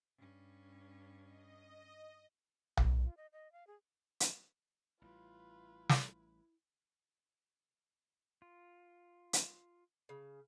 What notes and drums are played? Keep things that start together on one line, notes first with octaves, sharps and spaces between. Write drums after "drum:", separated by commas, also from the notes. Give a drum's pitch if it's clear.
G2 C#4
D#5
drum: tom B1
F4
D#5
D#5
F5
G#4
drum: hi-hat
A1 G3 E4 F4 B4
drum: snare
F4
drum: hi-hat
C#3